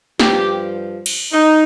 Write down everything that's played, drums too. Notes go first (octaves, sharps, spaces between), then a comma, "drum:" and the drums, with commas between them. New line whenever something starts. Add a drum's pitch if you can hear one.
G2 F3 G4, drum: snare
drum: cymbal
D#4